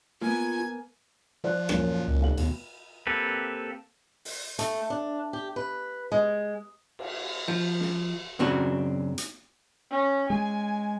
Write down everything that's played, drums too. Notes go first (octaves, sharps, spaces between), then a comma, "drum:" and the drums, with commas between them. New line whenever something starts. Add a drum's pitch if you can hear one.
A#3 B3 F4 G#5 G#6
F3 C5 D5 F#6
F#2 A#2 C#4, drum: rim click
C#2
F1 F5 F#7
D#2 B2, drum: cymbal
A#3 C4 G4 A4 B4
drum: open hi-hat
A3, drum: hi-hat
D4
G4
B4
G#3
drum: cymbal
F3
drum: snare
F#2 C#3 C4 D4 F#4
drum: hi-hat
C#4
G#3 G#5